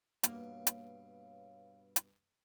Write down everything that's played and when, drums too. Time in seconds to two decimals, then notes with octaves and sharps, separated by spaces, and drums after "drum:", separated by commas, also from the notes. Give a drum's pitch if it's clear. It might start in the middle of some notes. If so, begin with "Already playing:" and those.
0.24 G2 B2 A#3 C#5 F5, drum: hi-hat
0.67 drum: hi-hat
1.96 drum: hi-hat